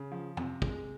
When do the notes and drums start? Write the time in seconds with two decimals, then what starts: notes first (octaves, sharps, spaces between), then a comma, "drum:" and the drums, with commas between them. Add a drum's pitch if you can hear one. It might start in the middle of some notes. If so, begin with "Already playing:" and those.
Already playing: C#3
0.12 F3
0.37 C3, drum: tom
0.62 G#3, drum: kick